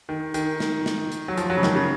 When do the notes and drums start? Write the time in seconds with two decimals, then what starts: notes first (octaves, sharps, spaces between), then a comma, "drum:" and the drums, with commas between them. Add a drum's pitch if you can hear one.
0.09 D#3
0.34 D#3, drum: hi-hat
0.60 drum: snare
0.86 drum: snare
1.12 drum: hi-hat
1.28 F#3
1.38 F3, drum: hi-hat
1.50 F#3
1.57 C#3
1.63 D#3, drum: snare
1.75 C#3